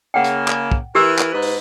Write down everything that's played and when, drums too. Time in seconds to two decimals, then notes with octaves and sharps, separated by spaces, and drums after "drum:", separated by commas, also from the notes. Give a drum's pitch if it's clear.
0.14 C#3 A#3 F#5 G5
0.24 drum: hi-hat
0.48 drum: clap
0.72 drum: kick
0.95 E3 G4 A#4 E6
1.19 drum: clap
1.32 G#2 B4
1.42 drum: open hi-hat